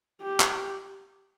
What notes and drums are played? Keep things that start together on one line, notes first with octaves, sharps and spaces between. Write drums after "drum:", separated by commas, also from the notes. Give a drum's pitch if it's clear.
G4
drum: clap